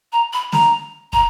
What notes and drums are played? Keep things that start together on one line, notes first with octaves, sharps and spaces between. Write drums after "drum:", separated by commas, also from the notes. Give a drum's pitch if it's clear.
A#5
B5
A#5, drum: snare
A#5, drum: kick